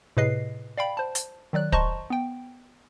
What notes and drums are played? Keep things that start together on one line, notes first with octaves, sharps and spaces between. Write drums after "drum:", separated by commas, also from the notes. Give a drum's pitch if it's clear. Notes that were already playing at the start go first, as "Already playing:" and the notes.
A2 C3 G#4 B4 D#5 C7
D5 F5 G5 B5
C5 A5
drum: hi-hat
D#3 F#3 D5 F#6
C5 D#5 A5 A#5 C6 C#6, drum: kick
B3 G5